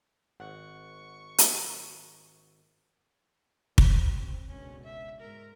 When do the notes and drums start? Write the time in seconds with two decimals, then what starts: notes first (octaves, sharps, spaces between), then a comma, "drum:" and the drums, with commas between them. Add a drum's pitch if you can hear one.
0.40 G#1 F#5 C#6
1.38 drum: hi-hat
3.78 F#2 C4, drum: kick
4.49 C#2 B2 D3 C#4
4.84 E5
5.21 G#2 G#3 A#4